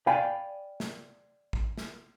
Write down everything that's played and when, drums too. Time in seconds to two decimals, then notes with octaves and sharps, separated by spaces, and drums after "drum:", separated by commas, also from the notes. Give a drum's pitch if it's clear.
0.07 D5 F5 G5 G#5 B5
0.80 drum: snare
1.53 drum: kick A1
1.78 drum: snare